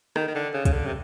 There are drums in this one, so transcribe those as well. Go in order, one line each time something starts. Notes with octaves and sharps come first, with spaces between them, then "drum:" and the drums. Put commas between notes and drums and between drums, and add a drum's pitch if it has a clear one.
D#3, drum: rim click
D#3
D3
C#3
C#3, drum: kick, hi-hat
D3
C3